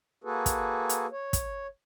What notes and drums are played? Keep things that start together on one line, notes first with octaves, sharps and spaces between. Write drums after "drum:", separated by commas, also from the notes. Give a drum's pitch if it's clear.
A#3 F#4 G#4 A4 B4
drum: kick, hi-hat
drum: hi-hat
C#5
drum: kick, hi-hat